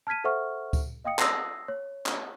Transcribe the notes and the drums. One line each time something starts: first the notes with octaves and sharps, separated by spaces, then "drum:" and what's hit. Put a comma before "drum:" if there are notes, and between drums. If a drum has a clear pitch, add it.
A5 F6 G#6 B6 D#7
A4 C5 E5 F#5 C#6 F6
drum: kick C#2, tambourine
D#5 F5 G5 D#6 C#7
D#6 E6 A#6 C7, drum: clap
C#5
drum: clap